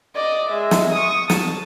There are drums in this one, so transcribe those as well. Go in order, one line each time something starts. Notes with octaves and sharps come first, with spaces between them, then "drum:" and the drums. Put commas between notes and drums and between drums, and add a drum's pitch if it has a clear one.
D5 D#5
G#3 E5
drum: snare
C#6 D#6
A5, drum: snare